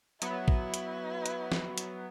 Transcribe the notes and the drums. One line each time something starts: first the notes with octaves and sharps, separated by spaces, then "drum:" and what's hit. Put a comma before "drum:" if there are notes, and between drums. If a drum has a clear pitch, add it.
F#3 B3 E4, drum: hi-hat
drum: kick
drum: hi-hat
drum: hi-hat
drum: snare
drum: hi-hat